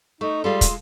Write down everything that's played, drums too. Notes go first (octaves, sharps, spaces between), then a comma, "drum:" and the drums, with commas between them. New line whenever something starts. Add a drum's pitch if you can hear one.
A3 D#4 C#6
G3 G#3 F4 A4 C6
drum: kick, hi-hat